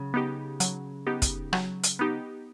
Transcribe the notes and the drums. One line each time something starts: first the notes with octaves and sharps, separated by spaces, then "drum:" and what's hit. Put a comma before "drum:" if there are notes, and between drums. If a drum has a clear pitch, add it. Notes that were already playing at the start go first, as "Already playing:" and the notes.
Already playing: C#3 F#3
B3 D#4 G4
F#3, drum: hi-hat
B3 D#4 G4
drum: kick, hi-hat
F#3, drum: rim click
drum: hi-hat
B3 D#4 G4